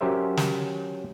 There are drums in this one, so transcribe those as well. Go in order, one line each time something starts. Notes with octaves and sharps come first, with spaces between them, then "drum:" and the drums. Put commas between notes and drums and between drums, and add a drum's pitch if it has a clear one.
F#3 C#4 G4 A#4 C5 E5
drum: snare